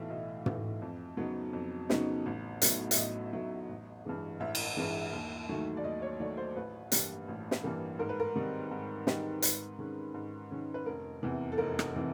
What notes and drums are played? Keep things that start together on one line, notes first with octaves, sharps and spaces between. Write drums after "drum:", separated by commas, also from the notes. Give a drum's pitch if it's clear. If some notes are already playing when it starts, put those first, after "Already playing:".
Already playing: B1 A2 E3 A3 E5 F5
B1 D#5
A2 E3 A3, drum: tom
F2
C#3 F#3 B3 D#4
F2
C#3 F#3 B3 D#4, drum: snare
A1
A2 F#3 B3 D#4, drum: hi-hat
E5, drum: hi-hat
A1 D#5
A2 F#3 B3 D#4
A1
G2 E3 G#3
A1 E5
drum: cymbal
G2 E3 G#3
D#2
D#3 F#3 A3
D5
D#2 D#5
C#5
D#3 F#3 A3 D5
C5
A1 B4
G2 E3 G3 A#3, drum: hi-hat
A1
drum: snare
G2 E3 G3 A#3
G#2 A#4
B4
A#4
D#3 G3 C4 D#4
G#2
D#3 G3 C4 D#4, drum: snare
G#2 B4, drum: hi-hat
D#3 G#3 C#4
G#2
D#3 G#3 C#4
B4
F1 A#4
E2 C3 E3
A4
F1 A#4
drum: rim click
C3 E3